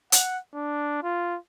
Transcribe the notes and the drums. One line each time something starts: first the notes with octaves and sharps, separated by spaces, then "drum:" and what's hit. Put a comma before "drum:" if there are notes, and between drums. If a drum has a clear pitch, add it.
F#5, drum: hi-hat
D4
F4